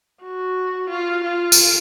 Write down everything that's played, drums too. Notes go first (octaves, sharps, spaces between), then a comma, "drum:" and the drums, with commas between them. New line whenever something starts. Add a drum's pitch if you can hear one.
F#4
F4
F4
drum: tambourine